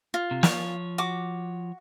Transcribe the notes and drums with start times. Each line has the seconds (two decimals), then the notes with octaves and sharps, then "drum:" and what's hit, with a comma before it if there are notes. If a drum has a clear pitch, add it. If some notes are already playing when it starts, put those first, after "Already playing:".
0.14 F4
0.31 C3
0.43 F3 C#5, drum: snare
0.98 F#4 D6